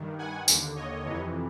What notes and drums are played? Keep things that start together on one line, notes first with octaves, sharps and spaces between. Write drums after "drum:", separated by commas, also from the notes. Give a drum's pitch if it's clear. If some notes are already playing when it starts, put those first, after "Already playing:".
Already playing: G2 D#3
F#5 G#5
D#2 D3, drum: tambourine
C#5 D#5
F2 C3 E3